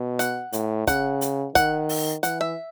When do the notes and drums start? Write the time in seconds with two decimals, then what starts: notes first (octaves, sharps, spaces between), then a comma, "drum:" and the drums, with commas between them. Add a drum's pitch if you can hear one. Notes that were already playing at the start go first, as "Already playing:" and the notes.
Already playing: B2
0.19 F#5, drum: hi-hat
0.53 A2, drum: hi-hat
0.87 C#3 F#5, drum: kick, hi-hat
1.21 drum: hi-hat
1.55 D#3 F#5, drum: kick, hi-hat
1.89 drum: open hi-hat
2.23 E3 F#5, drum: hi-hat
2.41 E5